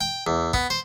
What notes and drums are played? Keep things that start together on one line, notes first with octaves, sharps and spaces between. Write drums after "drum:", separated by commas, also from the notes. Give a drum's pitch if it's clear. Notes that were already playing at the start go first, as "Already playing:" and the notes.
G5
E2
B3, drum: kick
C5